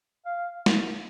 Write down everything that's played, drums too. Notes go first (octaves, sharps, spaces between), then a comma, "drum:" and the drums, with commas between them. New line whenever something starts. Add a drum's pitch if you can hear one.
F5
drum: snare